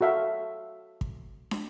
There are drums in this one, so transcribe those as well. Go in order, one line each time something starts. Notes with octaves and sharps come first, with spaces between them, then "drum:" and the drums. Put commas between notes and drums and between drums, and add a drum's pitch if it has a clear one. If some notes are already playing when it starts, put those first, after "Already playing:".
F#4 A4 E5 F5
drum: kick
drum: snare